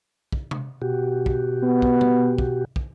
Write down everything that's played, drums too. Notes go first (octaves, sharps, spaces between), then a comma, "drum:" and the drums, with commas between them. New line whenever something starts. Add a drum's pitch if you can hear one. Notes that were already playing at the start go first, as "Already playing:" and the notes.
drum: kick
drum: tom C3
B2 F#4 G4
drum: kick
B3
drum: kick
drum: tom B2
drum: kick
drum: kick